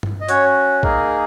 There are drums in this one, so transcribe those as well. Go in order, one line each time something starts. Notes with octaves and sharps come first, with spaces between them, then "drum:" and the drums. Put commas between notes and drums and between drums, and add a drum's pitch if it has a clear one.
drum: tom G2
D#5
C#4 F#4 C#5, drum: hi-hat
A#3 D#4 G#4 A#4, drum: kick A#1